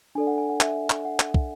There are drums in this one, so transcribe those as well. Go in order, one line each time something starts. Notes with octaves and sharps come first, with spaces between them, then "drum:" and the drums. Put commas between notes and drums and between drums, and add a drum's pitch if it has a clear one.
D4 A4 D5 G#5
F#5
G#5
F#5
E5, drum: clap
drum: clap
F#5
drum: clap
drum: kick